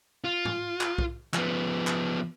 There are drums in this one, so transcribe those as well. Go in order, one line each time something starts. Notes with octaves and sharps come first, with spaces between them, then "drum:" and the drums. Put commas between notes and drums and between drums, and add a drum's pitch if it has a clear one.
F4
drum: tom
drum: clap
drum: kick
F3 B3, drum: clap
drum: clap